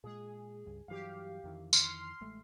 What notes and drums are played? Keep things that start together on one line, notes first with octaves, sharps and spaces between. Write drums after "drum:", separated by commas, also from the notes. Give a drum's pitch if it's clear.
A#2 G#3 G#4
C#2 G2
G2 E3 F#3 G4 F5
F2 D#3 E3
C6 F6 C7, drum: tambourine
A1 G#3 A3